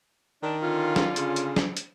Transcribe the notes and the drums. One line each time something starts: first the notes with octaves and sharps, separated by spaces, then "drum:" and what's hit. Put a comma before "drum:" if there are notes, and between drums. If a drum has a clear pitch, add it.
D#3 D4
D3 C#4 F4
drum: snare
C#3, drum: hi-hat
drum: hi-hat
drum: snare
drum: hi-hat